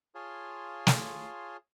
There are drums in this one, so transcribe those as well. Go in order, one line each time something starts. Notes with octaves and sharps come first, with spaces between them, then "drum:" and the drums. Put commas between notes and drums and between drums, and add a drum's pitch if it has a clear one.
F4 G#4 C#5 F5 A5 C6
drum: snare